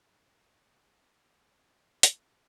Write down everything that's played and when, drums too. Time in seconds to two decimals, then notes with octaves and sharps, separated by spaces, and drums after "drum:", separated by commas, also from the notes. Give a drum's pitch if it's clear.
0.19 A#3 C#4
0.70 B3 D#4
1.21 A#3 C#4
1.34 G#3 B3
1.47 F#3 A#3
1.59 F3 G#3
1.72 D#4 F#4
2.03 drum: hi-hat
2.22 C#4 F4